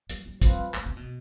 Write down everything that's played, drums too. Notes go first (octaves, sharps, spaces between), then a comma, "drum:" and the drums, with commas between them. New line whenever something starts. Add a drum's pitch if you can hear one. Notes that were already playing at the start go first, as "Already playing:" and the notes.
G3, drum: hi-hat
G3
F3 G3 C4 F4 B4, drum: kick, hi-hat
A3, drum: clap
C3
B2